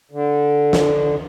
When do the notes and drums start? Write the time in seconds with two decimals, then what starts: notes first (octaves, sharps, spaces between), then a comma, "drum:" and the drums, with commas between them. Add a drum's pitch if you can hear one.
0.11 D3
0.73 drum: snare